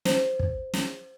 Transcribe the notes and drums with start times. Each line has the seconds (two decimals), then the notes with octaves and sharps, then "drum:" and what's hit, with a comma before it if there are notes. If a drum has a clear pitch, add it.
0.05 C5, drum: snare
0.39 drum: kick
0.73 drum: snare